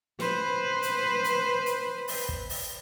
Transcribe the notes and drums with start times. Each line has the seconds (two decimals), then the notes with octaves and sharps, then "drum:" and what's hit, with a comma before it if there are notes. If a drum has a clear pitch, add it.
0.20 B4 C5, drum: snare
0.82 drum: hi-hat
1.24 drum: hi-hat
1.66 drum: hi-hat
2.08 drum: open hi-hat
2.29 drum: kick
2.49 drum: open hi-hat